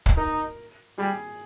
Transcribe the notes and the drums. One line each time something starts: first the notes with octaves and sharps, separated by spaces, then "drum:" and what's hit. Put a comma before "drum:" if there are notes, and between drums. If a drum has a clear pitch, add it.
drum: kick
D#4 A#4
G3 G#4